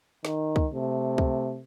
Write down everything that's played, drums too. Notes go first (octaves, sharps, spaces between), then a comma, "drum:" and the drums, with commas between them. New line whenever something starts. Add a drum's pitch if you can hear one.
D#3, drum: snare
drum: kick
C3 A3
drum: kick